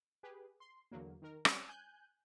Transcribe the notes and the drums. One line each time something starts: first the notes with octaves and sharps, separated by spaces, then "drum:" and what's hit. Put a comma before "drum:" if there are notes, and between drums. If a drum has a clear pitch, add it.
G4 G#4 B4
C6
E2 D3 F#3 A#3
D#3 A#4
G3 C4 C#4 D5, drum: rim click
G#5 F#6 G6